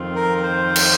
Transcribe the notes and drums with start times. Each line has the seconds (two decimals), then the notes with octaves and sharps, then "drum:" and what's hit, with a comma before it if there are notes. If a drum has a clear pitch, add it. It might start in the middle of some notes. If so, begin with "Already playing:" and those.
Already playing: F2 D#3 C4 F4
0.15 A#4
0.43 C5
0.76 drum: cymbal